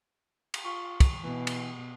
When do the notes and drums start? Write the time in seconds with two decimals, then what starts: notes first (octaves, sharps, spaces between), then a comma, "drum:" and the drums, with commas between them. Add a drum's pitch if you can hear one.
0.54 drum: cymbal
0.65 F4 C#6
1.00 drum: kick, cymbal
1.24 B2 E3
1.47 drum: cymbal